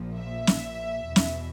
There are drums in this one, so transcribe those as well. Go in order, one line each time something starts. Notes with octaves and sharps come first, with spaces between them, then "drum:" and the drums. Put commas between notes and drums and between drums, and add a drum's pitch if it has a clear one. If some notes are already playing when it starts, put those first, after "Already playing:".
Already playing: A#1 A#2 F3
E5
drum: snare
E2 B2
drum: snare